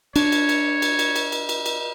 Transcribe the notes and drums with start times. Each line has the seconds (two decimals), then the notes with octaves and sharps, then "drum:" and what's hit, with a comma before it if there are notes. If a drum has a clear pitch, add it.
0.16 D4 C#5, drum: cymbal
0.32 drum: cymbal
0.49 drum: cymbal
0.82 drum: cymbal
0.99 drum: cymbal
1.16 drum: cymbal
1.32 drum: cymbal
1.49 drum: cymbal
1.66 drum: cymbal